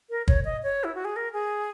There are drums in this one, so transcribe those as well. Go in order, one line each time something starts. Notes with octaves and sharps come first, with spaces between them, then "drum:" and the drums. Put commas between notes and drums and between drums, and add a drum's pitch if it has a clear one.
A#4
C#5, drum: kick
D#5
C#5
E4
F#4
G#4
A#4
G#4